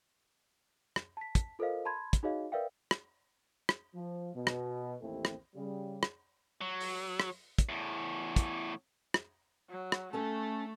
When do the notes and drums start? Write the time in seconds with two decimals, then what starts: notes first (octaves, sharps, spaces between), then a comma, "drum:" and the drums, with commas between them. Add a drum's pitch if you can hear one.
0.96 drum: rim click
1.17 A5 B6
1.35 drum: kick, hi-hat
1.59 F4 A4 A#4 C5 D#5 F5
1.85 A5 B5 C6 G#6
2.13 drum: kick, hi-hat
2.23 D#4 F#4 G#4 C#5 D#5 F5
2.52 A#4 B4 D5 E5 F5 G5
2.91 drum: rim click
3.69 drum: rim click
3.95 F3
4.34 B2
4.47 drum: rim click
5.01 A1 D#2 A3 C4 E4
5.25 drum: rim click
5.55 C#3 G3
6.03 drum: rim click
6.61 F#3
6.81 drum: open hi-hat
7.20 drum: rim click
7.58 drum: kick, hi-hat
7.69 E2 A2
8.36 drum: kick, hi-hat
9.14 drum: rim click
9.70 F#3
9.92 drum: rim click
10.13 A3 C#4 A4 A5